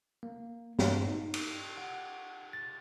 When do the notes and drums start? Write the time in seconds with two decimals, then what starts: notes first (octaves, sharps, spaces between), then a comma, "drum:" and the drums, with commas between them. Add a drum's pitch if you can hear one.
0.23 A#3
0.79 G2, drum: snare
1.08 D#4
1.34 drum: cymbal
1.78 F#5
2.53 A6